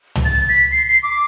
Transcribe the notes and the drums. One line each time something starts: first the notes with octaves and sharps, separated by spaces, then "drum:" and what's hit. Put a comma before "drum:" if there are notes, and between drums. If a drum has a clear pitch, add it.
drum: tom
A6
B6
C7
C7
D6